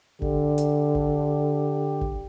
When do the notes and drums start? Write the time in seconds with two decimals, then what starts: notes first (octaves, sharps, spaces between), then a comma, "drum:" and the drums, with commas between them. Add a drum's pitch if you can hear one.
0.22 D3 G4, drum: kick G#1
0.58 drum: hi-hat
0.95 drum: kick G#1
2.01 drum: kick G#1